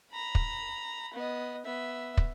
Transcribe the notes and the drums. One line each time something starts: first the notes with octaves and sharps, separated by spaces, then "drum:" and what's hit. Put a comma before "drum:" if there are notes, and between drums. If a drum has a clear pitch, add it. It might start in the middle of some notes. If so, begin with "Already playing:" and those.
A#5 B5
drum: kick
B3 D#5
B3 E5
drum: kick